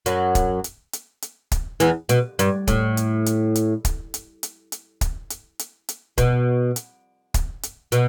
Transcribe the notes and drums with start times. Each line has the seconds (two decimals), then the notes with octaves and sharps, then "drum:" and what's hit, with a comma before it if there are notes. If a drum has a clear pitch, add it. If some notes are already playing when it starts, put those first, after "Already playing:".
0.06 F#2 F#3, drum: hi-hat
0.35 drum: kick, hi-hat
0.64 drum: hi-hat
0.93 drum: hi-hat
1.22 drum: hi-hat
1.52 drum: kick, hi-hat
1.80 E2 E3, drum: hi-hat
2.09 B2, drum: hi-hat
2.39 G2, drum: hi-hat
2.68 A2, drum: kick, hi-hat
2.97 drum: hi-hat
3.26 drum: hi-hat
3.55 drum: hi-hat
3.85 drum: kick, hi-hat
4.14 drum: hi-hat
4.43 drum: hi-hat
4.72 drum: hi-hat
5.01 drum: kick, hi-hat
5.30 drum: hi-hat
5.59 drum: hi-hat
5.89 drum: hi-hat
6.18 B2, drum: kick, hi-hat
6.76 drum: hi-hat
7.34 drum: kick, hi-hat
7.63 drum: hi-hat
7.92 B2, drum: hi-hat